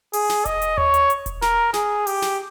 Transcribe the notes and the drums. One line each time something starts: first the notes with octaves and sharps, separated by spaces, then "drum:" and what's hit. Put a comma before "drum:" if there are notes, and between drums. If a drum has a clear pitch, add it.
G#4, drum: open hi-hat
drum: snare
D#5, drum: kick E1, hi-hat
drum: hi-hat
C#5, drum: tom D#2
drum: hi-hat
drum: hi-hat
drum: kick E1, hi-hat
A#4, drum: snare
G#4, drum: snare
G4, drum: open hi-hat
drum: snare